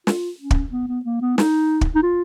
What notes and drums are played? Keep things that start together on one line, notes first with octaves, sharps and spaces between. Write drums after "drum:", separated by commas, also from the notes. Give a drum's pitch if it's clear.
F4, drum: snare
C#4
drum: kick
B3
B3
A#3
B3
D#4, drum: snare
drum: kick
D#4
F4